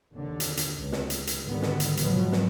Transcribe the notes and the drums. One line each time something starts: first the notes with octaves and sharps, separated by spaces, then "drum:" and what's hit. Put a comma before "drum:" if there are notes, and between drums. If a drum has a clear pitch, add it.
D#2 D3
drum: hi-hat
drum: hi-hat
C#2
drum: snare
drum: hi-hat
drum: hi-hat
G#2 D3 D#3 G3 B3
drum: snare
drum: hi-hat
G#2 B2 F3 F#3, drum: hi-hat
drum: snare